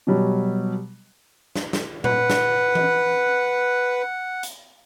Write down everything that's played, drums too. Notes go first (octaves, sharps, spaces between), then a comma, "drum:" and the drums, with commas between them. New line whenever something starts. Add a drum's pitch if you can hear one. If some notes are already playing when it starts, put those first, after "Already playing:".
B2 F#3 G3
drum: snare
drum: snare
B4 F#5, drum: tom A#2
drum: snare
drum: tom E3
drum: hi-hat